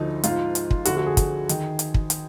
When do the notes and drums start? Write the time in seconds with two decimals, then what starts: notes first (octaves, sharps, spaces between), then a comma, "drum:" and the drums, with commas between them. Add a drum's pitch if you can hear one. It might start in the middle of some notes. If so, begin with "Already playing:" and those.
Already playing: D2 D3 F3 D#4
0.24 G#2 F3 F4, drum: hi-hat
0.55 drum: hi-hat
0.71 drum: kick
0.85 D2 D3 F3 F#4, drum: hi-hat
0.97 F#4
1.06 G#4
1.17 drum: kick, hi-hat
1.49 D#3, drum: hi-hat
1.79 drum: hi-hat
1.94 drum: kick
2.10 drum: hi-hat